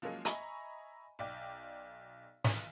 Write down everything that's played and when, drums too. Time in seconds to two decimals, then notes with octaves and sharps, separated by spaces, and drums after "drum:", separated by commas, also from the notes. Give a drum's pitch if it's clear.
0.02 F3 F#3 G#3 A#3 C#4 G#4
0.25 D#5 E5 G#5 A#5 B5 C#6, drum: hi-hat
1.19 B1 D5 G5
2.44 B1 E3 B6, drum: snare